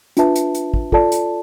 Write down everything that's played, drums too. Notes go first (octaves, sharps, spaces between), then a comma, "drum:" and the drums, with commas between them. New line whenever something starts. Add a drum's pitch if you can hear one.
D4 F4 B4 E5 A5, drum: hi-hat
drum: hi-hat
drum: hi-hat
drum: kick
F4 A4 D5 A5, drum: kick
drum: hi-hat